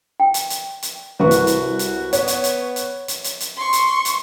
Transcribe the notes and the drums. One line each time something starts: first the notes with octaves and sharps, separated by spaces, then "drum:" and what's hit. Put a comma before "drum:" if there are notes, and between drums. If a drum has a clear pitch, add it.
G5
drum: hi-hat
drum: hi-hat
drum: hi-hat
C2 F#4 B4 C#6
drum: hi-hat
drum: hi-hat
drum: hi-hat
B3 C#5, drum: hi-hat
drum: hi-hat
drum: hi-hat
drum: hi-hat
drum: hi-hat
drum: hi-hat
drum: hi-hat
C6 C#6
drum: hi-hat
drum: hi-hat